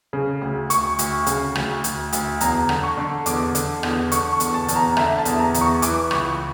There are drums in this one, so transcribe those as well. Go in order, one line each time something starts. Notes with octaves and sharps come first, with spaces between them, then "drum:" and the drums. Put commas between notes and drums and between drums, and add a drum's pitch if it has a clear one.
C#3
D2
D2 C#6, drum: hi-hat
D2, drum: hi-hat
C#3, drum: hi-hat
D2, drum: rim click
D2, drum: hi-hat
D2, drum: hi-hat
E2 A#5, drum: hi-hat
D3, drum: rim click
C#6
D3
E2 D6, drum: hi-hat
D3, drum: hi-hat
E2, drum: rim click
D3 C#6, drum: hi-hat
C#6
E2, drum: hi-hat
A5
E2, drum: hi-hat
A#5
D3 E5, drum: rim click
A5
E2, drum: hi-hat
A#5
E2, drum: hi-hat
C#6
E3 D6, drum: hi-hat
C#2 C#6, drum: rim click